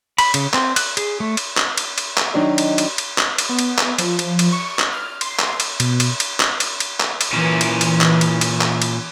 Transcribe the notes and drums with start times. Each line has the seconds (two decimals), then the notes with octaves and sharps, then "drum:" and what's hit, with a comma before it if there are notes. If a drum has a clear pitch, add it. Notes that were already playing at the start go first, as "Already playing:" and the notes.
0.18 B5, drum: cymbal
0.34 C#3, drum: cymbal
0.54 C4, drum: clap
0.76 F#6, drum: cymbal
0.97 G#4, drum: cymbal
1.20 A3
1.37 drum: cymbal
1.57 drum: clap
1.78 drum: cymbal
1.98 drum: cymbal
2.18 drum: clap
2.34 D#3 F#3 D4 D#4
2.58 drum: cymbal
2.78 drum: cymbal
2.98 drum: cymbal
3.18 drum: clap
3.38 drum: cymbal
3.49 B3
3.59 drum: cymbal
3.79 drum: clap
3.99 F3, drum: cymbal
4.19 drum: cymbal
4.39 drum: cymbal
4.52 C#6
4.79 drum: clap
4.92 F6
5.21 C6, drum: cymbal
5.40 drum: clap
5.60 drum: cymbal
5.80 B2, drum: cymbal
6.00 drum: cymbal
6.20 drum: cymbal
6.40 drum: clap
6.60 drum: cymbal
6.80 drum: cymbal
7.01 drum: clap
7.21 drum: cymbal
7.33 A#2 E3 C#4
7.61 drum: cymbal
7.81 drum: cymbal
8.01 drum: clap
8.21 drum: cymbal
8.41 drum: cymbal
8.61 drum: clap
8.82 drum: cymbal